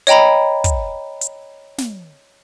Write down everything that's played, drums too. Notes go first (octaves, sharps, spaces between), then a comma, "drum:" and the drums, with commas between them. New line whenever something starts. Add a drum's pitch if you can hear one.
C#5 D#5 G5 A#5 B5, drum: hi-hat
drum: kick, hi-hat
drum: hi-hat
drum: snare